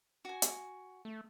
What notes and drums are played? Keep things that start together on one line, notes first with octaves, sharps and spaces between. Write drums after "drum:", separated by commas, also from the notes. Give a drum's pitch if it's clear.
F#4 G#5
drum: hi-hat
A3